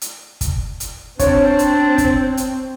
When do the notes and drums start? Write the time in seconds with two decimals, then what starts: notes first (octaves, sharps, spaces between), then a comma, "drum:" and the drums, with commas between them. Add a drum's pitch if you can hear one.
0.01 drum: hi-hat
0.41 drum: kick, hi-hat
0.80 drum: hi-hat
1.19 C4 D4 C#5, drum: kick, hi-hat
1.59 drum: hi-hat
1.98 drum: kick, hi-hat
2.37 drum: hi-hat